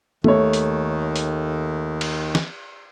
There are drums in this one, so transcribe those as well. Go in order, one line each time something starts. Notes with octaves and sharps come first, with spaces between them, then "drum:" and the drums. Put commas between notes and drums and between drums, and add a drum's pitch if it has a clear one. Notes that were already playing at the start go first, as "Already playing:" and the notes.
D#2 D#3 A3 C#5, drum: tom D#3
drum: hi-hat
drum: hi-hat
drum: cymbal
drum: snare